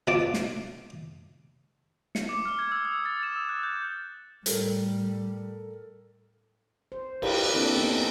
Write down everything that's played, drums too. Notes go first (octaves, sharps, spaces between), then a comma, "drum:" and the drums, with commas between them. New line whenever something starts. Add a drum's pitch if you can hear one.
B2 F3 A5 D6
drum: snare
C#7, drum: snare
D6
F6
G#6
E6
D#6
A6
E7
E6
F#6
G6
A2 G3 A4 A#4, drum: hi-hat
C5
G4 B4 F5, drum: cymbal
A#3 C4 D4 E4 A4
B3 C#4 D#4